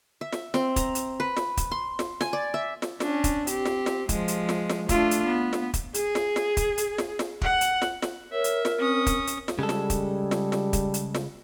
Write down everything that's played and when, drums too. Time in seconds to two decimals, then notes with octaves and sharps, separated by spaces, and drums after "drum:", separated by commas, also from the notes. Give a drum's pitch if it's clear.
0.21 E5
0.33 drum: snare
0.54 C4, drum: snare
0.76 A#5, drum: kick, hi-hat
0.95 drum: hi-hat
1.20 B4
1.37 drum: snare
1.57 drum: kick, hi-hat
1.71 C6
1.99 drum: snare
2.21 G#5, drum: snare
2.33 D5
2.54 E5
2.82 drum: snare
3.00 C#4 D4, drum: snare
3.24 drum: kick, hi-hat
3.47 C4 G4, drum: hi-hat
3.65 drum: snare
3.86 drum: snare
4.09 F3 G#3, drum: kick, hi-hat
4.28 drum: hi-hat
4.49 drum: snare
4.70 drum: snare
4.89 A3 D4 F4, drum: kick, hi-hat
5.11 drum: hi-hat
5.26 B3
5.53 drum: snare
5.74 drum: kick, hi-hat
5.94 G#4, drum: hi-hat
6.15 drum: snare
6.36 drum: snare
6.57 drum: kick, hi-hat
6.78 drum: hi-hat
6.98 drum: snare
7.19 drum: snare
7.41 F#5, drum: kick
7.61 drum: hi-hat
7.82 drum: snare
8.02 drum: snare
8.32 A#4 C#5 E5
8.44 drum: hi-hat
8.65 drum: snare
8.78 C4 C#4 D#6
9.06 drum: kick, hi-hat
9.27 drum: hi-hat
9.48 drum: snare
9.59 C#3 G3 G#3 A4
9.69 drum: snare
9.90 drum: kick, hi-hat
10.31 drum: snare
10.52 drum: snare
10.73 drum: kick, hi-hat
10.94 drum: hi-hat
11.15 drum: snare